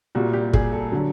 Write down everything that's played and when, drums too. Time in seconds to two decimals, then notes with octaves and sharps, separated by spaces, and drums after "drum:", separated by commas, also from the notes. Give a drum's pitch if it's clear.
0.15 C2 A#2 G3 F#4
0.33 G4
0.53 G#4, drum: kick G1
0.72 A4
0.92 D3 F#3